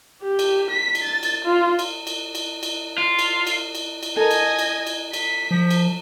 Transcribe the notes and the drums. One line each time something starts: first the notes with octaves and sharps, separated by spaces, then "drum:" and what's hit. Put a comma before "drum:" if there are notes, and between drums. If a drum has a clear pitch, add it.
G4
drum: cymbal
B6
drum: cymbal
A6
drum: cymbal
F4
drum: cymbal
drum: cymbal
drum: cymbal
drum: cymbal
F4
drum: cymbal
drum: cymbal
drum: cymbal
drum: cymbal
A4 A#4 D#5 G#5
drum: cymbal
drum: cymbal
drum: cymbal
B6, drum: cymbal
F3
drum: cymbal